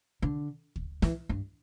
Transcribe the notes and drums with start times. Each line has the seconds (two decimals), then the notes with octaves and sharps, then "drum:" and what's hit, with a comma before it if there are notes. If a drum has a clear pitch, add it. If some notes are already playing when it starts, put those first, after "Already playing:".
0.22 D3
0.76 drum: kick D2
1.02 E3, drum: snare
1.29 G2